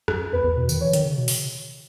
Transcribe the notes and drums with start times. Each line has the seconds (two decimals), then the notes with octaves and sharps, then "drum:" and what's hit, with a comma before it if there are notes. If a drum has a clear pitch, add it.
0.08 F#2, drum: rim click
0.33 E2 B4
0.44 E2
0.57 B2
0.69 D#3, drum: tambourine
0.81 E3 C#5
0.93 D#3, drum: hi-hat
1.05 C#3
1.18 B2
1.28 drum: open hi-hat